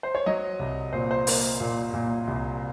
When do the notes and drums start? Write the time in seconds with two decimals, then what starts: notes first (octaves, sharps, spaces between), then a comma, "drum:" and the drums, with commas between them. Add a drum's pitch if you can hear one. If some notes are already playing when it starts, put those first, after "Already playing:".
0.03 C5
0.15 C#5
0.26 F#3 D#5
0.59 C2
0.93 A#2 C5
1.11 C5
1.27 A#3, drum: open hi-hat
1.60 A#2
1.93 A#2
2.27 C2